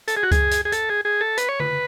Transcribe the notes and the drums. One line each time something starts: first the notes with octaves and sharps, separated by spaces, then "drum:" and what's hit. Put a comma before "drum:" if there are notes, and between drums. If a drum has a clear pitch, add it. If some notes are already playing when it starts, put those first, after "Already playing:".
A4, drum: hi-hat
G#4
F#4
G#4, drum: kick C#2, hi-hat
drum: hi-hat
G#4
A4, drum: hi-hat
G#4
G#4
A4
B4, drum: hi-hat
C#5
B4, drum: tom D3